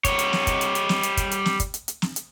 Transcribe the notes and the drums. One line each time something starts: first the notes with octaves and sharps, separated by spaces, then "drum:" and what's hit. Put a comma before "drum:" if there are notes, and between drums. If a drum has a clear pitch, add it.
G3 C#5, drum: kick, hi-hat
drum: hi-hat
drum: snare
drum: kick, hi-hat
drum: hi-hat
drum: hi-hat
drum: snare
drum: hi-hat
drum: kick, hi-hat
drum: hi-hat
drum: snare
drum: kick, hi-hat
drum: hi-hat
drum: hi-hat
drum: snare
drum: hi-hat